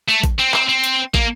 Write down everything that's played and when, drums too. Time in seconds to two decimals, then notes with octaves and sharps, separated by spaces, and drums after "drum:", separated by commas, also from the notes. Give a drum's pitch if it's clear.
0.08 A3
0.23 drum: kick, hi-hat
0.39 C4
0.54 C4, drum: clap
0.68 C4
0.84 drum: hi-hat
1.14 A#3, drum: kick